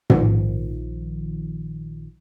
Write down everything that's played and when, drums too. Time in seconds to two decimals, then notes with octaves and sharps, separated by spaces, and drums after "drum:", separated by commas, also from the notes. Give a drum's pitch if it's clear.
0.10 A#1 D#3 F3, drum: tom